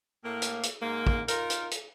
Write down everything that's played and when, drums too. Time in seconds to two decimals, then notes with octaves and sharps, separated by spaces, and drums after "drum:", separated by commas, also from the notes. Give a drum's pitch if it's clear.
0.25 A2 A#3
0.42 drum: hi-hat
0.63 drum: hi-hat
0.82 G#2 A#3
1.07 drum: kick
1.28 D#4 F4 A#4, drum: hi-hat
1.50 drum: hi-hat
1.71 drum: hi-hat